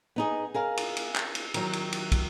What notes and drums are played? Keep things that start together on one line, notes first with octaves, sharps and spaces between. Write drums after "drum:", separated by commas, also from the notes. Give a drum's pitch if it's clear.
B3 D#4 G#4
G#4 A#4 F5
drum: cymbal
drum: cymbal
drum: clap
drum: cymbal
D#3 F#3, drum: cymbal
drum: cymbal
drum: cymbal
drum: kick, cymbal